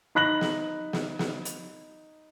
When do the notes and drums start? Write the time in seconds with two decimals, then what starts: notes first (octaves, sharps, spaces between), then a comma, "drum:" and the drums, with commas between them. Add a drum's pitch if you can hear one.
0.15 D#4 B5 F#6 A#6 F#7
0.41 drum: snare
0.93 drum: snare
1.19 drum: snare
1.45 drum: hi-hat